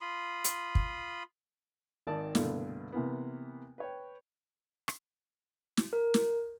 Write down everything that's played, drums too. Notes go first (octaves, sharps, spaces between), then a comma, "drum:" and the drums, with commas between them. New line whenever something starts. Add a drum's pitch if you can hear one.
F4 B5 C6 D#6
drum: hi-hat
drum: kick
G#1 D#3 D5 A5
C2 G2 B2 D3 A3 A#3, drum: snare
C3 E3 A#3 B3
B4 C#5 G5
drum: rim click
drum: snare
A#4
drum: snare